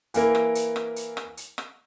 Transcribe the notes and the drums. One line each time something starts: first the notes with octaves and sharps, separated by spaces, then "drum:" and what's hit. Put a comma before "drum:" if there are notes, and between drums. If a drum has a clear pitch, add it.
E3 A#3 E4 A#4, drum: hi-hat
drum: rim click
drum: hi-hat
drum: rim click
drum: hi-hat
drum: rim click
drum: hi-hat
drum: rim click